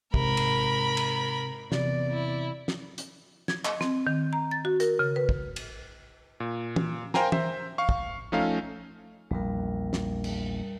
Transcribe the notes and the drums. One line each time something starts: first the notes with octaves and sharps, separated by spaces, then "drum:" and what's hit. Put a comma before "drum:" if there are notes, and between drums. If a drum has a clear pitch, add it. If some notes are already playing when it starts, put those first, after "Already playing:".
G#2 C3 A#4 B5, drum: kick
drum: cymbal
drum: cymbal
E2 C3 D5, drum: snare
E4
drum: snare
drum: hi-hat
G#6, drum: snare
D#5, drum: clap
C4, drum: snare
D#3
A#5
A6
F#4
A#4, drum: hi-hat
C#3
B4
drum: kick
drum: cymbal
A#2
drum: tom
A#4 C5 F5 G5 G#5 A#5, drum: snare
C5 E5, drum: tom
F5 C#6
drum: kick
F3 A3 C#4 D#4 A4 F5
A#1 E2 G3 A#4
drum: snare
drum: cymbal